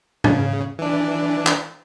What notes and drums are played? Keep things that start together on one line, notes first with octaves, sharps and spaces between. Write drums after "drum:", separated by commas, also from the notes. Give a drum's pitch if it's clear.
C#3, drum: tom
E3 D4
drum: clap